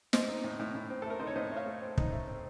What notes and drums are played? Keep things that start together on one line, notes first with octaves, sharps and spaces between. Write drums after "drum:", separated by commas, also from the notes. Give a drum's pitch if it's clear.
C4 C5 D#5, drum: snare
D#4
A2
A2
A2
C4
A4
A3 A#4
D#4 C5
C#5
A2 C5 D#5
A3
C#5 F5
A3
C4
D#4, drum: kick
A3
C4